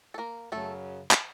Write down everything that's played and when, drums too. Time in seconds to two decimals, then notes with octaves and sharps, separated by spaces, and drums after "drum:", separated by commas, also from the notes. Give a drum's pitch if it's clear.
0.14 A4
0.18 A#3 A#4
0.52 F#2 C#3 F#3 A3 A4
1.11 drum: clap